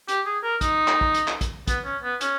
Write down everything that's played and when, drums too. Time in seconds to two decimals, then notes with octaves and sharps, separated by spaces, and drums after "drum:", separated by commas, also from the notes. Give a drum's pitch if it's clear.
0.08 G4, drum: hi-hat
0.26 G#4
0.43 A#4
0.61 D#4, drum: kick, hi-hat
0.88 drum: clap
1.01 drum: kick
1.14 drum: hi-hat
1.28 drum: clap
1.41 drum: kick, hi-hat
1.67 B3, drum: kick, hi-hat
1.85 C#4
2.03 B3
2.21 C#4, drum: hi-hat